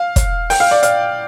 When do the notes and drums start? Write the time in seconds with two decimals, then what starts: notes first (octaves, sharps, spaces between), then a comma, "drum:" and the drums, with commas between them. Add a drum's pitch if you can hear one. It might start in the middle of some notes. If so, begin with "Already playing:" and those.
Already playing: F5
0.16 drum: kick, hi-hat
0.50 G5, drum: open hi-hat
0.60 F5
0.71 D5
0.83 F5, drum: hi-hat